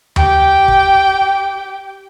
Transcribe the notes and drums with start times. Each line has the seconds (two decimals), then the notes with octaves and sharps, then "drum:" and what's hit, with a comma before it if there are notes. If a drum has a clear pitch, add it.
0.16 G4 G5, drum: tom D#2
0.68 drum: kick